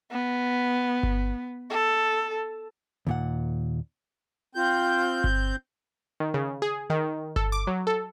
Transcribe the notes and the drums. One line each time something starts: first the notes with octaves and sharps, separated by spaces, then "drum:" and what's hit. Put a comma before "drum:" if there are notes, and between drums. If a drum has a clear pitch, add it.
B3
drum: kick G1
A4
D#2 A#2 F#5
C4 F4 G6
drum: kick G1
D#3
C#3
G#4
D#3
A4, drum: kick G1
D6
F#3
A4